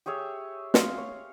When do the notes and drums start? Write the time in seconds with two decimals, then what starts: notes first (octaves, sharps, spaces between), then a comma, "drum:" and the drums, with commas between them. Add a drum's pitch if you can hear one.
0.06 G4 G#4 C#5 E5
0.74 F5 C6, drum: snare
0.98 C#5